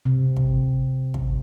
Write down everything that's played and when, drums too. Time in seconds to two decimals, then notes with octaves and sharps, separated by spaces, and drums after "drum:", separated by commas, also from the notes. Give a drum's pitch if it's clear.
0.05 C3
0.37 drum: kick
1.14 drum: kick